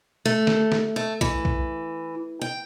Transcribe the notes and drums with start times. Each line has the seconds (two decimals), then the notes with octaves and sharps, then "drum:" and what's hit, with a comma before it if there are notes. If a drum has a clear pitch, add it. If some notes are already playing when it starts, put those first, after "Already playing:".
0.25 A3
0.47 drum: snare
0.72 drum: snare
0.96 A3
1.21 E3, drum: kick B1
1.45 drum: kick B1
2.41 G5